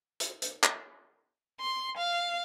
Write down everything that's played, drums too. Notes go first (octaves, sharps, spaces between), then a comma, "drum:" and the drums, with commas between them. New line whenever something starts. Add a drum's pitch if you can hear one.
drum: hi-hat
drum: hi-hat
drum: clap
C6
F5